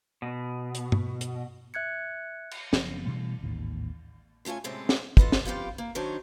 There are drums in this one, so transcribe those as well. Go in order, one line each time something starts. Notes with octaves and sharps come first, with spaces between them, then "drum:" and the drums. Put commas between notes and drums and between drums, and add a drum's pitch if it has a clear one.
B2
drum: hi-hat
drum: tom
drum: hi-hat
E5 F#6 G#6 C#7
drum: cymbal
F#1 F3 B3 C#4, drum: snare
B2 E3 G3 A3
A1 D#2 G#2
C#3 A3 F4 C#5 G#5
A2 C3 G#3 A3 C4 C#4
drum: snare
F4 A4 B4 D#5, drum: kick
drum: snare
F3 B3 F4 G4
A#3
D#3 F#3 D4 D#4 C5 C#5